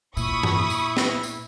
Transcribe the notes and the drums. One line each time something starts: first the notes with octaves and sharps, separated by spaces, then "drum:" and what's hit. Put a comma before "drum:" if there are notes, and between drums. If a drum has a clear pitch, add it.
A#2 E4 B5 C#6 D#6, drum: tambourine
drum: tom G2
drum: tambourine
drum: snare
drum: tambourine